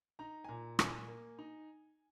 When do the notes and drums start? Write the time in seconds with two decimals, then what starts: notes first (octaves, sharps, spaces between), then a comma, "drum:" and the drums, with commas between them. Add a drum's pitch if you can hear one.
0.19 D#4 A#5
0.44 G#5
0.48 A#2 A#5
0.79 A#2 G#5, drum: rim click
1.08 A#3
1.39 D#4